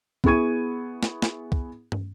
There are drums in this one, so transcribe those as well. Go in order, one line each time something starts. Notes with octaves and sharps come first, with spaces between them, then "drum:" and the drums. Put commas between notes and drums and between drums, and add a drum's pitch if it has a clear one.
B3 E4 G#4 C#6 G#6 D#7, drum: kick
drum: snare
drum: snare
drum: kick
drum: tom